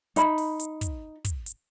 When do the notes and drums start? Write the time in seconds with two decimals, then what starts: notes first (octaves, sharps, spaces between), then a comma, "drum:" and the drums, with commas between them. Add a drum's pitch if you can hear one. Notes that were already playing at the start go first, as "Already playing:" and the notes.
0.16 D#4 B5, drum: hi-hat
0.38 drum: open hi-hat
0.60 drum: hi-hat
0.81 drum: kick, hi-hat
1.25 drum: kick, hi-hat
1.46 drum: hi-hat